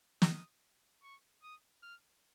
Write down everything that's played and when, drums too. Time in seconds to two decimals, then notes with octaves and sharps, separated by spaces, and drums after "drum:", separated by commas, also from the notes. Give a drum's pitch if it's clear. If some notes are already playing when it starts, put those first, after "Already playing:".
0.22 D#6, drum: snare
1.03 C#6
1.43 D#6
1.83 F6